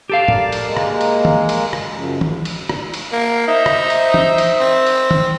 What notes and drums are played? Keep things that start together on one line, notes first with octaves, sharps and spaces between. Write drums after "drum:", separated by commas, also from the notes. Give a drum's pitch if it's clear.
G4 A4 F5
A#4 D5, drum: tom
drum: cymbal
G#3 A#3
drum: rim click
drum: cymbal
drum: tom
drum: cymbal
drum: rim click
F#2 C#3 F3
drum: tom
drum: cymbal
drum: rim click
drum: cymbal
A#3
D#4 C5 E5
drum: rim click
drum: cymbal
drum: tom
drum: cymbal
C4
drum: cymbal
drum: tom